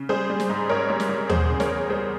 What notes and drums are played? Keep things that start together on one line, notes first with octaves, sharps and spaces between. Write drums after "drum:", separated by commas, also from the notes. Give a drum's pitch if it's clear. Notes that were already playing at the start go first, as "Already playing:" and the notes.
Already playing: C#3
G3 G#4 C5
G3
drum: snare
G#2
G#2 A#4 C#5
G3
drum: snare
G3
E2 G#4 C5, drum: tom D#2
C#3
A#4 C#5, drum: snare
E2
G3 G#4 C5